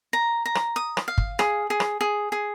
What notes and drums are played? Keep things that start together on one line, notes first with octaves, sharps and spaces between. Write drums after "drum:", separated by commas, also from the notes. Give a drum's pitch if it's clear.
A#5
A#5
drum: rim click
D#6
drum: rim click
F5
drum: kick
G#4, drum: rim click
G#4
drum: rim click
G#4
G#4